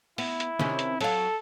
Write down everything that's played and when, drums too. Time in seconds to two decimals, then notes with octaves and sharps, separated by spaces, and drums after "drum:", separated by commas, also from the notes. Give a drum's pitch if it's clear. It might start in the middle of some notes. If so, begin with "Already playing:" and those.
0.18 B3 E4, drum: open hi-hat
0.40 drum: hi-hat
0.59 C3 D#3 C#4, drum: snare
0.79 drum: hi-hat
1.01 F#3 A4 F5, drum: open hi-hat